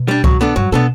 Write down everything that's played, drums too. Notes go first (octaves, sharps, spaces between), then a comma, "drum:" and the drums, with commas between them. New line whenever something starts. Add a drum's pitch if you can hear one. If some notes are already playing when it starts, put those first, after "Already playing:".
Already playing: B2
G3 D4
F#3, drum: kick C2
B3 D4 A4
G2 F#3
B2 B3 D4 A4